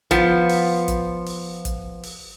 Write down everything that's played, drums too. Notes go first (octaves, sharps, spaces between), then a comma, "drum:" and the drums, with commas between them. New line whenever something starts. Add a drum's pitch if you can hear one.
F3 B3, drum: kick, hi-hat
drum: open hi-hat
drum: kick, hi-hat
drum: open hi-hat
drum: kick, hi-hat
drum: open hi-hat